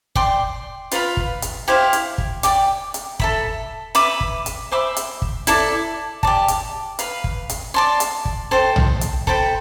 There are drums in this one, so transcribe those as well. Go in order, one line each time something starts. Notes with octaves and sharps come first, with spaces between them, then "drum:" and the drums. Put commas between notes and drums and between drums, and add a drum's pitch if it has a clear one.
D5 G5 C6, drum: kick
F4 B4 F5 B5, drum: hi-hat
drum: kick
drum: hi-hat
E4 G4 C5 F5
drum: hi-hat
drum: kick
D5 G5 D6, drum: hi-hat
drum: hi-hat
A4 E5 B5, drum: kick
B4 E5 B5 D6, drum: hi-hat
drum: kick
drum: hi-hat
C5 E5 B5 D6
drum: hi-hat
drum: kick
E4 A4 D5, drum: hi-hat
G4 D5 A5, drum: kick
drum: hi-hat
B4 F5 B5, drum: hi-hat
drum: kick
drum: hi-hat
D5 A5 C6
drum: hi-hat
drum: kick
A4 C5 G5
drum: tom
drum: hi-hat
A4 C5 G5 B5, drum: kick